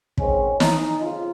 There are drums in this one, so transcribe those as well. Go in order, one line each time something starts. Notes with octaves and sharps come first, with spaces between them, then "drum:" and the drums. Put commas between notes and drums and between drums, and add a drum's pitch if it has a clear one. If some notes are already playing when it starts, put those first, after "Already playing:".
G#2 D#3 G#3 C4 C#4, drum: kick
D#4, drum: snare
F2 C#3 F4